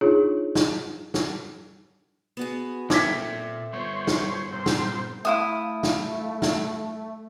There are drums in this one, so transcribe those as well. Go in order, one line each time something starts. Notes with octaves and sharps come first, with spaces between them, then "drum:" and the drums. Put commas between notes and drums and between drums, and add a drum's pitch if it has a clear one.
D4 D#4 F4 G#4 C#5
drum: snare
drum: snare
B3 F#4 G#4
A#3 C4 C#4 A4 E5 D6 G#6 B6, drum: snare
A#2
G2 B3 C5 C#5
drum: snare
A#2 C4 C5
drum: snare
A3 E4 F#4 E5 F5 D#6
drum: snare
drum: snare